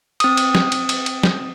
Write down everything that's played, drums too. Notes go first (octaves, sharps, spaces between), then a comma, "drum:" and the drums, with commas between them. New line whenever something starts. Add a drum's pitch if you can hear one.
C4 D#6, drum: cymbal
drum: cymbal
drum: snare
drum: cymbal
drum: cymbal
drum: cymbal
drum: snare